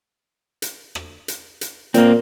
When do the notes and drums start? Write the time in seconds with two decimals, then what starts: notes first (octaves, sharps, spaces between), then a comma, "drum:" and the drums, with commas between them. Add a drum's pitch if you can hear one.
0.62 drum: hi-hat
0.95 drum: rim click
1.28 drum: hi-hat
1.61 drum: hi-hat
1.94 A#2 A#3 C4, drum: hi-hat